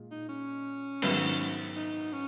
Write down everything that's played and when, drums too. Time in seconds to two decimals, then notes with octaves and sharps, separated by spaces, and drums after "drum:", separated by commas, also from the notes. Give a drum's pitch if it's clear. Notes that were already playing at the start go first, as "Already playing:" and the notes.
Already playing: A#2 G#3
0.11 D#4
0.29 C#4
1.02 G#2 D#3 F#3 B3, drum: cymbal
1.76 D#4
2.12 C#4